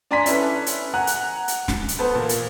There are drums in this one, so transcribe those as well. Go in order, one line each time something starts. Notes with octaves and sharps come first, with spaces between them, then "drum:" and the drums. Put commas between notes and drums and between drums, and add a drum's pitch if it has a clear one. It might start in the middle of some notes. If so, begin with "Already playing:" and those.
D4 D5 G#5 A#5 C6 B6
C#4 E4 A4 B4, drum: hi-hat
drum: hi-hat
F#5 G#5 A#5 F#6
drum: hi-hat
drum: hi-hat
drum: snare
drum: hi-hat
B3 A4 B4 C5
A#2
drum: hi-hat